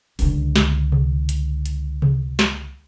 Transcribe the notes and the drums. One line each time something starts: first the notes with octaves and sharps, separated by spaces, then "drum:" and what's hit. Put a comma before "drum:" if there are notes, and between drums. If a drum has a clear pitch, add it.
C#2 D3, drum: open hi-hat
drum: snare
drum: tom C3
drum: hi-hat
drum: hi-hat
drum: tom C3
drum: snare